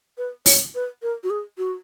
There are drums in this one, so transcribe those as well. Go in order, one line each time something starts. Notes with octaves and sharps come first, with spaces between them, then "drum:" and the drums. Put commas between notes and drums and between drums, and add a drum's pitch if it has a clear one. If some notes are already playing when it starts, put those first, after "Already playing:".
B4
C#5, drum: open hi-hat
B4
A#4
F#4
G#4
F#4